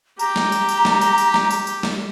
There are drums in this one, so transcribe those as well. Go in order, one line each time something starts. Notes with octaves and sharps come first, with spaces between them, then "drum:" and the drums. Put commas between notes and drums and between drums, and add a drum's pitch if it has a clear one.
G4 A#5, drum: tambourine
drum: snare
drum: tambourine
drum: tambourine
drum: snare
drum: tambourine
drum: tambourine
drum: snare
drum: tambourine
drum: tambourine
drum: snare